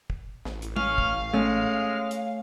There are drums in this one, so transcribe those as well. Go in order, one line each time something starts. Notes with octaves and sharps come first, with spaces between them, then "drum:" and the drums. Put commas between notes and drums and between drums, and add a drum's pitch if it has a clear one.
drum: kick
A1, drum: snare
drum: hi-hat
C#4 F5, drum: tom
drum: kick
G#3 A3 C#4
drum: hi-hat